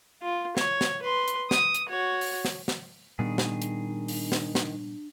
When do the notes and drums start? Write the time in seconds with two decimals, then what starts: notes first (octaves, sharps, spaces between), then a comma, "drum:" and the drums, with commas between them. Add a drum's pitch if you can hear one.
0.22 F4
0.57 C#5, drum: snare
0.81 drum: snare
1.02 B4 C6
1.28 drum: hi-hat
1.51 D#6, drum: snare
1.74 drum: hi-hat
1.89 F#4 C#5
2.21 drum: open hi-hat
2.45 drum: snare
2.68 drum: snare
3.19 A#2 D#3 G3 B3 D4 G#4
3.38 drum: snare
3.62 drum: hi-hat
4.08 drum: open hi-hat
4.32 drum: snare
4.55 drum: snare